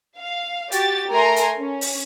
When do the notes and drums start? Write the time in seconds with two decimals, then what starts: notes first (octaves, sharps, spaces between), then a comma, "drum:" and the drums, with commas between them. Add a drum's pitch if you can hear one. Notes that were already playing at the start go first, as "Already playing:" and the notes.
0.18 F5
0.72 F#4 G4 A6, drum: hi-hat
1.10 A3 A#4 G#5 A#5 C6
1.36 drum: hi-hat
1.59 C#4
1.81 drum: open hi-hat